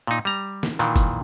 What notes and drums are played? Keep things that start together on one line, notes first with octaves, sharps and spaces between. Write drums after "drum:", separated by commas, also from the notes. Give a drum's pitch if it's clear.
A#2 D#4
G3 A#5
drum: snare
A#2 D#3 E3
drum: kick, hi-hat